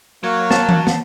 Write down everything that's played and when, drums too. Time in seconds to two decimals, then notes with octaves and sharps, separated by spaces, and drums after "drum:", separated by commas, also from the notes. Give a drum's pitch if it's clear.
0.24 F#3 A#3 F#4 C#5
0.51 A5, drum: snare
0.69 drum: tom E3
0.87 drum: snare